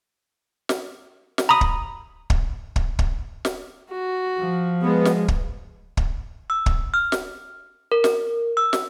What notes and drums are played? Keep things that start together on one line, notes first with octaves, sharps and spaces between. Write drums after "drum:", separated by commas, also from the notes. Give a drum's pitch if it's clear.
drum: snare
drum: snare
A#5 B5 D#6
drum: kick
drum: kick
drum: kick
drum: kick
drum: snare
F#4
F3
G#3 B3
drum: snare
drum: kick
drum: kick
E6
drum: kick
F6
drum: snare
A#4
drum: snare
E6
drum: snare